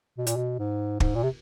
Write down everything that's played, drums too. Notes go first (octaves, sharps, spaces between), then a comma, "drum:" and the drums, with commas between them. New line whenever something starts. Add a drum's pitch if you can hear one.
B2
A#2, drum: hi-hat
B2
G#2
G#2, drum: kick
A#2
C3